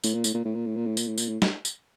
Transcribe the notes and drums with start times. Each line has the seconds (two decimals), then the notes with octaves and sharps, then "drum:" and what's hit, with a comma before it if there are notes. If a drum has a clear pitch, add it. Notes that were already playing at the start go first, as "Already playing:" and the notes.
0.04 A2, drum: tambourine
0.14 A#2
0.24 A2, drum: tambourine
0.34 A#2
0.45 A2
0.55 A#2
0.66 A2
0.76 A#2
0.86 A2
0.97 A#2, drum: tambourine
1.07 A2
1.18 A#2, drum: tambourine
1.28 A2
1.42 drum: snare
1.65 drum: tambourine